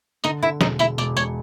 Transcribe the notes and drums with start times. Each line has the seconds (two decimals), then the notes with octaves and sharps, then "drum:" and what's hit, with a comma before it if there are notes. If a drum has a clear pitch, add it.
0.24 D3 D#4 D#5, drum: tambourine
0.43 D3 E4 E5
0.61 E1 D#4 D#5, drum: snare
0.79 E1 E4 E5, drum: tambourine
0.98 E1 D5, drum: tambourine
1.17 E1 C#5, drum: tambourine